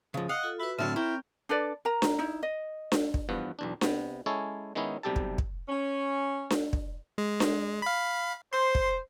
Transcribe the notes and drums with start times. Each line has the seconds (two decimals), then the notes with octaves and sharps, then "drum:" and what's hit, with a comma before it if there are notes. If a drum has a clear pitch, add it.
0.14 C#3 F3
0.29 D#5 F5 F#5 D#6
0.43 F4 A4
0.60 F#4 B4 E5 B5
0.79 A2 D3 F#3 C4 E4 A5 F6
0.96 E4 A#4 C#5 G5
1.49 D4 A4 B4 D5
1.85 A#4 A#5
2.02 drum: snare D4
2.19 D#4 E4
2.43 D#5
2.92 drum: snare D4
3.14 drum: kick
3.29 E2 G2 F3 B3
3.59 B1 E2 D4
3.81 C3 B3, drum: snare D4
4.26 G#3 C#4 E4 A4 C#5
4.75 D#3 G#3 B3 C#4 D#4 E4
5.03 B1 C3 G3 G4 A4 A5
5.16 drum: kick
5.38 drum: kick
5.68 C#4
6.50 drum: snare D4
6.73 drum: kick
7.18 G#3
7.40 drum: snare D4
7.82 F5 B5
8.53 C5 C6
8.75 drum: kick